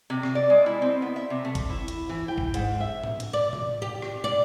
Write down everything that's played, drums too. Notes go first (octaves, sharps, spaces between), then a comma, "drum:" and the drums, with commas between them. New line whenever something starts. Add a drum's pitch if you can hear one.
C3
drum: rim click
D5
G#3
E4
C4
B3
E5
C3
A3
drum: kick, hi-hat
E4
drum: hi-hat
E3
G5
drum: kick
G#2, drum: hi-hat
E5
drum: tom A2
drum: hi-hat
D5
drum: tom A2
G4
drum: rim click
D5